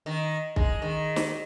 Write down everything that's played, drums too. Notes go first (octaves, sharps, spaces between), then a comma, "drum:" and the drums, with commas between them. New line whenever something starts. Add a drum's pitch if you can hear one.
D#3
G#3, drum: kick B1
D#3
drum: snare